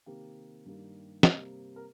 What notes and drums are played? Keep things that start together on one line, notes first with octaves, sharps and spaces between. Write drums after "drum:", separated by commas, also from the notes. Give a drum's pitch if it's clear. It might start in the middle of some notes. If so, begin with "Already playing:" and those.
C3 D#3 A#3 G4
G2 D#3 G3 A#3
C3 G3 A#3, drum: snare
A#4